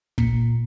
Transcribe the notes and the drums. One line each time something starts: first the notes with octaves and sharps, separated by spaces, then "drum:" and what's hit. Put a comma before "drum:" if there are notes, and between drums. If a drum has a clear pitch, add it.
A#2, drum: kick